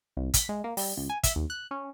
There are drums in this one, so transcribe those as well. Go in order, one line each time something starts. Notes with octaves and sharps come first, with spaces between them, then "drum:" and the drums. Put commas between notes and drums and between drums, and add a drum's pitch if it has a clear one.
C2
B6, drum: kick, hi-hat
G#3
A#3
G3, drum: open hi-hat
C#2
G#5
E5, drum: kick, hi-hat
D#2
F#6
C#4